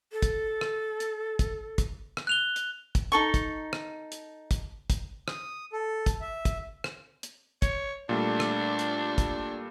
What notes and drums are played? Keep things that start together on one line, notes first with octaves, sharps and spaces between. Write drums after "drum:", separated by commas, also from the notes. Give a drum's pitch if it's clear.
A4
drum: kick, hi-hat
drum: rim click
drum: hi-hat
drum: kick, hi-hat
drum: kick, hi-hat
drum: rim click
F#6 F7 G7
drum: hi-hat
drum: kick, hi-hat
D#4 A4 C#6
drum: kick, hi-hat
drum: rim click
drum: hi-hat
drum: kick, hi-hat
drum: kick, hi-hat
D#6, drum: rim click
A4
drum: kick, hi-hat
E5
drum: kick, hi-hat
drum: rim click
drum: hi-hat
C#5, drum: kick, hi-hat
A#2 G3 A3 D4
drum: rim click
drum: hi-hat
drum: kick, hi-hat